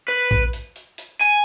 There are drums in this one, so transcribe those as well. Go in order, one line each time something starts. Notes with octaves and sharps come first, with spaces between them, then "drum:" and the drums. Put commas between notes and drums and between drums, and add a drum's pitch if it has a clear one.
B4
drum: kick A#1
drum: hi-hat
drum: hi-hat
drum: hi-hat
G#5, drum: hi-hat